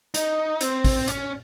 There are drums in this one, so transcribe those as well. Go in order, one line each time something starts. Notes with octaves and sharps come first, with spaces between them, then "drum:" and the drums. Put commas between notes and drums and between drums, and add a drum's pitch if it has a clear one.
D#4, drum: hi-hat
C4, drum: hi-hat
drum: kick, open hi-hat
C#4, drum: hi-hat